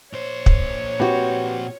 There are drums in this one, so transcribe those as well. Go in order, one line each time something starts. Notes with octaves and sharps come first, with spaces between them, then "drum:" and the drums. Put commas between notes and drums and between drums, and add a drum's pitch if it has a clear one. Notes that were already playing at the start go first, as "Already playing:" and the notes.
A#2 C5 C#5
drum: kick
C4 F#4 G4 B4